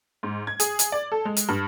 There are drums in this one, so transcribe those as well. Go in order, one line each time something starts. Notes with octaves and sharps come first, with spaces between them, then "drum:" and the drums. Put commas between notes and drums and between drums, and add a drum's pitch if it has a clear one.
G#2
G#6
G#4, drum: hi-hat
drum: hi-hat
D5
A4
G#3
drum: hi-hat
G2